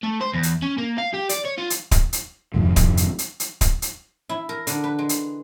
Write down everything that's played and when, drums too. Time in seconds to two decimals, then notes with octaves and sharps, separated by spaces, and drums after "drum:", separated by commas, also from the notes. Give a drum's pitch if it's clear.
0.03 A3
0.21 C5
0.33 E2
0.43 drum: hi-hat
0.62 C#4
0.78 A#3
0.98 F5
1.13 G4
1.29 D5, drum: hi-hat
1.45 C#5
1.58 F4
1.70 drum: hi-hat
1.91 drum: kick D1, hi-hat
2.13 drum: hi-hat
2.54 F1 F2 G#2 D#3
2.76 drum: kick D1, hi-hat
2.97 drum: hi-hat
3.19 drum: hi-hat
3.40 drum: hi-hat
3.61 drum: kick D1, hi-hat
3.82 drum: hi-hat
4.29 E4
4.49 A#4
4.67 D3, drum: hi-hat
4.84 B4
4.99 G#3
5.09 drum: hi-hat